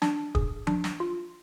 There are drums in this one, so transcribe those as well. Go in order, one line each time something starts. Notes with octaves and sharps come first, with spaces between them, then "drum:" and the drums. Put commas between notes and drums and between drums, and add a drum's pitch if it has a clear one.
D4, drum: snare
G#4, drum: kick
D4, drum: tom F3
drum: snare
F4